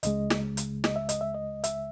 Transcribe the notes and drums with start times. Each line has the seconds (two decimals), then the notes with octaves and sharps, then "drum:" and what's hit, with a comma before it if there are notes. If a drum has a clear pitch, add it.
0.03 C#2 C#3 G#3 D#5, drum: hi-hat
0.30 drum: snare
0.57 drum: hi-hat
0.84 D#5, drum: snare
0.96 E5
1.09 D#5, drum: hi-hat
1.21 E5
1.34 D#5
1.64 E5, drum: hi-hat